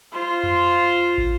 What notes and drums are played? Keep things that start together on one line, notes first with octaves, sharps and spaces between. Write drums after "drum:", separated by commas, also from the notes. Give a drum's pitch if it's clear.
F4 C5
drum: tom F2
drum: kick